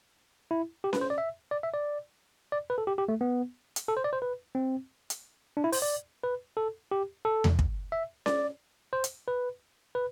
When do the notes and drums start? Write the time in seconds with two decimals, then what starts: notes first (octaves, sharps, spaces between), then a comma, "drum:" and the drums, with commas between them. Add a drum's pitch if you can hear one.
0.51 E4
0.84 G4
0.93 B4, drum: snare C#4
1.01 C5
1.10 D5
1.18 E5
1.51 D5
1.63 E5
1.74 D5
2.52 D5
2.70 B4
2.78 A4
2.87 G4
2.98 G4
3.08 A3
3.21 B3
3.76 drum: hi-hat
3.88 A4
3.97 C5
4.04 D5
4.13 C5
4.22 B4
4.55 C4
5.10 drum: hi-hat
5.57 D4
5.64 E4
5.72 C5, drum: open hi-hat
5.82 D5
6.23 B4
6.57 A4
6.91 G4
7.25 A4
7.44 drum: tom E2
7.59 drum: kick
7.92 E5
8.26 D5, drum: snare C#4
8.93 C5
9.04 drum: hi-hat
9.28 B4
9.95 B4